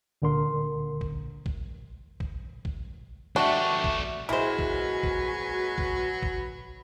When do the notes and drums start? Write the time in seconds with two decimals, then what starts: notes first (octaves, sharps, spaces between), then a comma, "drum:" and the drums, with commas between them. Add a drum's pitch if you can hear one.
0.22 C#2 A#2 D3 A#4 C6
1.01 drum: kick A1
1.46 drum: kick A1
2.20 drum: kick A1
2.65 drum: kick A1
3.36 A3 D4 F#4 G4 E5 A5 C#6
3.84 drum: kick A1
4.29 A#2 F#3 G#3 E4 F#4 B4 C5 G#5
4.59 drum: kick A1
5.03 drum: kick A1
5.78 drum: kick A1
6.23 drum: kick A1